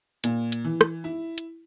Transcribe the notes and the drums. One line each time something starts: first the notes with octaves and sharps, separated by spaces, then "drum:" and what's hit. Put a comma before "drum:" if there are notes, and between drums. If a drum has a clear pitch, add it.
A#2, drum: hi-hat
drum: hi-hat
E3
drum: rim click
E4
drum: hi-hat